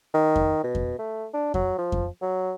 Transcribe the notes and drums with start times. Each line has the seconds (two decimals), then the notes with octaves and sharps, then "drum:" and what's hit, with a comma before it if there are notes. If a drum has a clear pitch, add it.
0.14 D#3
0.36 drum: kick F2
0.64 B2
0.75 drum: kick F2
0.99 A3
1.33 D4
1.54 F#3, drum: kick F2
1.78 F3
1.92 drum: kick F2
2.22 F#3